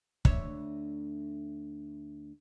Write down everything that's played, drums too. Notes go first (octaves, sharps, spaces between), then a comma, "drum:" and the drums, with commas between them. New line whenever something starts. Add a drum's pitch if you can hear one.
D2 C#5 E5, drum: kick